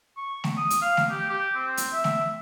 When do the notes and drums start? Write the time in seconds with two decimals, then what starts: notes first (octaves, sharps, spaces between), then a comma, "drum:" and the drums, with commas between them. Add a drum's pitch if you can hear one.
0.17 C#6
0.44 drum: snare
0.57 D#6
0.70 drum: hi-hat
0.82 F5
0.97 drum: snare
1.11 G4
1.29 G4
1.55 C4
1.77 drum: hi-hat
1.93 E5
2.04 drum: snare